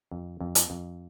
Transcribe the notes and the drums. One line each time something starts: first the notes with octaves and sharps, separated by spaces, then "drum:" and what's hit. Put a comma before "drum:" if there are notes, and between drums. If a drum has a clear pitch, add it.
F2
F2
drum: hi-hat
F2